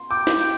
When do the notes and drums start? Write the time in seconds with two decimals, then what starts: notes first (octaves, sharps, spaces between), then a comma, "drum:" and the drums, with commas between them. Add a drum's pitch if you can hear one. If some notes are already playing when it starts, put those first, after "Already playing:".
Already playing: C6
0.11 G5 D6
0.27 drum: snare
0.40 G5